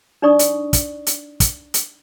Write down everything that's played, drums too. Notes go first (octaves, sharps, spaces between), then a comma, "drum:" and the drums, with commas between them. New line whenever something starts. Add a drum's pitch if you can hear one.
D4 D#4 D5 C#6 D#6
drum: hi-hat
drum: kick, hi-hat
drum: hi-hat
drum: kick, hi-hat
drum: hi-hat